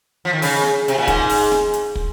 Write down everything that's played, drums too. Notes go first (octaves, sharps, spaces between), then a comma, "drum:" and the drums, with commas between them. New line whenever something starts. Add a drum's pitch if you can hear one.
F3
D#3
C#3, drum: open hi-hat
drum: snare
C3, drum: hi-hat
A#2
G#2, drum: kick, hi-hat
drum: open hi-hat
drum: snare
drum: hi-hat
drum: kick